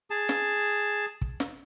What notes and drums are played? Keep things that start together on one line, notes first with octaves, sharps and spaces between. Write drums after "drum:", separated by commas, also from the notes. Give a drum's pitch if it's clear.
G#4 A5
drum: snare
drum: kick
drum: snare